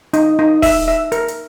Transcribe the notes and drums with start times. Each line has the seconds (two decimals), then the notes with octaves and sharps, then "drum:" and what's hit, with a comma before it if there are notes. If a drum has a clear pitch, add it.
0.13 D#4, drum: hi-hat
0.39 D#4
0.62 E5, drum: kick, open hi-hat
0.88 E5
1.12 A#4, drum: hi-hat
1.28 drum: hi-hat